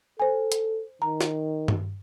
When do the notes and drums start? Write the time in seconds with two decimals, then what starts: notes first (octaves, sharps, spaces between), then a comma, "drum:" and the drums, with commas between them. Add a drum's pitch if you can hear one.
0.20 A4 C5 G#5
0.52 drum: hi-hat
1.02 D#3 A#5
1.21 drum: snare
1.68 drum: tom G2